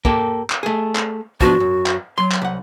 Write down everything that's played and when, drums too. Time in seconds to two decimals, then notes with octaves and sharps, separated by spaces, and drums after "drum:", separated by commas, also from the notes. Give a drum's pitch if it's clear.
0.05 A#3 G4 A4, drum: kick
0.50 drum: clap
0.63 A3 G#4
0.96 drum: clap
1.41 F3 B3 D4 F#4, drum: kick
1.60 F#2
1.86 drum: clap
2.18 F#3 C6
2.32 drum: clap
2.42 C2 F#5